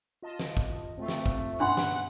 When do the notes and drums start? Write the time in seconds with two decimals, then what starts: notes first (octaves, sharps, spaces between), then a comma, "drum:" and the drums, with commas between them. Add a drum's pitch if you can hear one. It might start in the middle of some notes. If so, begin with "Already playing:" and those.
0.22 F4 D#5 A5
0.39 drum: snare
0.57 drum: kick
0.98 A3 C4 F4
1.08 drum: snare
1.26 drum: kick
1.60 G2 B2 C#4 D4 F#5 B5 C6
1.77 drum: snare